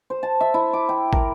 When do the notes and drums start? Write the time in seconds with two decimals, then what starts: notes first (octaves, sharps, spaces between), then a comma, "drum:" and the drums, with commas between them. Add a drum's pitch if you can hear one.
0.10 C5
0.23 A5
0.41 E5
0.54 E4
0.73 D6
0.89 G5
1.13 A#4, drum: kick